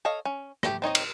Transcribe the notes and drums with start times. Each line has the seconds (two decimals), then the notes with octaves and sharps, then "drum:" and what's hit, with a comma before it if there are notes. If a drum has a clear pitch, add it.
0.05 A4 C#5 D#5 F5
0.25 C#4
0.63 A3 G4, drum: rim click
0.82 C4 D#4 C#5 D#5
0.95 drum: cymbal